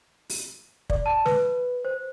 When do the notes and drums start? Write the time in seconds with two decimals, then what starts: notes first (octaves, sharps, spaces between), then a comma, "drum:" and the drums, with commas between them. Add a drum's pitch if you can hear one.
0.30 drum: open hi-hat
0.90 D5, drum: kick
1.06 A5
1.26 B4, drum: snare
1.85 C5